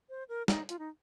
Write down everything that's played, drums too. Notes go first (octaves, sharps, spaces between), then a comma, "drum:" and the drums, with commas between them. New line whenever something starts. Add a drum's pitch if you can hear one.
C5
A#4
D#4, drum: snare
F4, drum: hi-hat
D#4